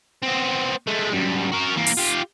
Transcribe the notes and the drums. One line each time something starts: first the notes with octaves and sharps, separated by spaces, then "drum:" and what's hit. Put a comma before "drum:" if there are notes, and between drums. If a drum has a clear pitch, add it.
B3 C4
G#3 A3
F#2 G3
F#4 A#4
E3 A#3
drum: open hi-hat
F4 G4